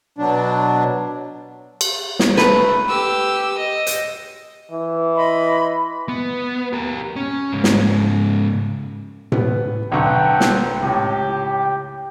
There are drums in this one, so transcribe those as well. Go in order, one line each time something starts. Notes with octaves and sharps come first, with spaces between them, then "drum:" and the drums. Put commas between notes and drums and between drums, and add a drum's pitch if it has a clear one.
B2 F#3 D4
drum: cymbal
drum: snare
A3 B4, drum: snare
G4 E6
D#5
drum: hi-hat
E3
D#5 B5 C6
B3
G4 A#4
C#4
G#2 C#3
drum: snare
B3, drum: tom A2
B1 D3 A4 F#5 G5 C#6
drum: snare
C#2 A2 G4